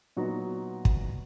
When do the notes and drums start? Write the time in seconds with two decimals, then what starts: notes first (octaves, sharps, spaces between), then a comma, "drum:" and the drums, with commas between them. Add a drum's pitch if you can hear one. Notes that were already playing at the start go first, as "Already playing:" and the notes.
0.17 A#2 F#3 B3 D#4 F#4
0.85 drum: kick